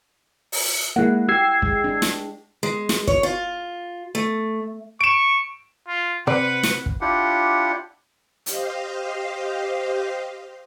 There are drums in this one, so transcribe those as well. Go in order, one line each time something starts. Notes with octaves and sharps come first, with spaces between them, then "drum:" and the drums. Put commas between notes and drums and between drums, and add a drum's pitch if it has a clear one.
drum: open hi-hat
G#3 A#3 E4 F#5
G4 E6 G#6 C7
G#3, drum: kick
D4
drum: snare
G#3
drum: snare
C#5, drum: kick
F4
A3
C#6 D7 E7
F4
C3 C4 B4 C5 D5 F#5
drum: snare
drum: kick
D4 E4 F4 G4 F#5
G4 C5 D#5 F5, drum: hi-hat